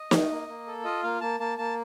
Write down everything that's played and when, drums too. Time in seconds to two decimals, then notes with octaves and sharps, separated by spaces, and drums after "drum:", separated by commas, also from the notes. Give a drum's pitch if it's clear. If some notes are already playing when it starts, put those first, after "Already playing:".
Already playing: D#5
0.11 A3, drum: snare
0.30 A#3
0.49 A#3
0.67 A4
0.84 F4 D#5
1.03 A#3 F5
1.21 A#3 A5
1.40 A#3 A5
1.58 A#3 A5